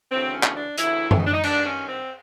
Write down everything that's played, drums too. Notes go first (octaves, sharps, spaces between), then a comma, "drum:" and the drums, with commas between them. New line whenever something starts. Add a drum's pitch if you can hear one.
D2 C#3 E3 C4
C#4
drum: clap
D4
D2 C#3 E3 E4, drum: hi-hat
E4, drum: tom F#2
D#4
D4
D#4
G2 D#3 D4, drum: cymbal
C#4
C4